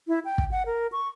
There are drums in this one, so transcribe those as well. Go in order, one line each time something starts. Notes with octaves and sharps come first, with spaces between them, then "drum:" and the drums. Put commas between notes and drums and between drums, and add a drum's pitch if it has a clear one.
E4
G5
drum: kick
F#5
A#4
C#6